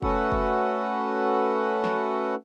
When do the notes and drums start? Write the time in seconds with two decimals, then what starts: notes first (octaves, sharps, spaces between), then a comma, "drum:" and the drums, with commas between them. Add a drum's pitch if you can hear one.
0.02 A3 C#4 F#4 A4 B4 F#5, drum: kick F#1
0.32 drum: kick F#1
1.84 drum: snare